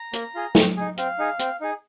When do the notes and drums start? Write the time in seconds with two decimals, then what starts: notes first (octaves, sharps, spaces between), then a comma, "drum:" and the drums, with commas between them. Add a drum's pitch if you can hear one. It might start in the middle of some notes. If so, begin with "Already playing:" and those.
Already playing: A#5
0.13 A#3, drum: hi-hat
0.35 F4 G#4
0.55 C4, drum: snare
0.77 D#4 G#4
0.98 C4 F5, drum: hi-hat
1.19 D#4 G#4
1.39 C4, drum: hi-hat
1.61 D#4 G#4